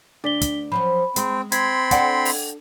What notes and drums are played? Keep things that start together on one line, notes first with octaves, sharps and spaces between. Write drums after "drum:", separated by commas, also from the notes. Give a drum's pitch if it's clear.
D2 D4 D5 B6 G7
drum: kick, hi-hat
F3 F#3 C#4 B5
G#3 C4, drum: hi-hat
C4 B5 C6 G#6, drum: hi-hat
D4 A4 D5 F#5 G5, drum: kick, hi-hat
drum: open hi-hat